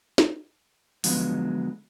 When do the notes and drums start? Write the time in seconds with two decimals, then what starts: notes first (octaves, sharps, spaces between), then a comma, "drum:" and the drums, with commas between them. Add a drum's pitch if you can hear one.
0.18 drum: snare
1.04 D3 F3 F#3 G#3 B3, drum: open hi-hat